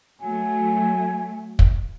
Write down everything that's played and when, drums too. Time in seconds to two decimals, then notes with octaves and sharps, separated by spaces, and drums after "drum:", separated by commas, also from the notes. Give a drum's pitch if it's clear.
0.21 F#3 A3 G#5
1.59 drum: kick